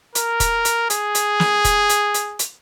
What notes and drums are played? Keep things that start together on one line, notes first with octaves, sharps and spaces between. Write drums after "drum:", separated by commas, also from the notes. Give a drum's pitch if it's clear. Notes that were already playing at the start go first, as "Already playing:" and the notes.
A#4, drum: hi-hat
drum: kick, hi-hat
drum: hi-hat
G#4, drum: hi-hat
drum: hi-hat
drum: snare
drum: kick, hi-hat
drum: hi-hat
drum: hi-hat
drum: hi-hat